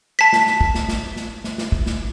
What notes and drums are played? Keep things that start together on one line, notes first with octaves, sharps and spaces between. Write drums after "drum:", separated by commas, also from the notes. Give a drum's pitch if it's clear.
A5 B6
drum: snare
drum: snare
drum: kick
drum: snare
drum: snare
drum: snare
drum: snare
drum: snare
drum: kick
drum: snare